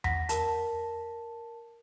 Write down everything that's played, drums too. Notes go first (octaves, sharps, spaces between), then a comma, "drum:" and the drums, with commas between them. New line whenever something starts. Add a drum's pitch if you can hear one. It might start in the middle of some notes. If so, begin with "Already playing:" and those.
F#5 A#6 B6, drum: tom E2
A#4 A5, drum: hi-hat